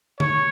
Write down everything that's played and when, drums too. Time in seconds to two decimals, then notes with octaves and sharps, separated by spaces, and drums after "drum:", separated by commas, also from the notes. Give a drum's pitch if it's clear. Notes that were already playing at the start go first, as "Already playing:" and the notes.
0.20 C#5, drum: tom D3